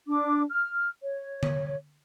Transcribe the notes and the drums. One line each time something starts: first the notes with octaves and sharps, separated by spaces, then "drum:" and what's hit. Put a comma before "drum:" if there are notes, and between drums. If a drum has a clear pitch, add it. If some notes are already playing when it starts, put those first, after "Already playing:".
D4 D6
F6
C#5
drum: tom D3